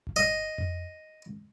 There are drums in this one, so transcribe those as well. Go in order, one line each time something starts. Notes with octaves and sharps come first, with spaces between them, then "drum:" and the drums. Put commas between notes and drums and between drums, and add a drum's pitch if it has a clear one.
drum: kick G1
D#5
drum: tom F2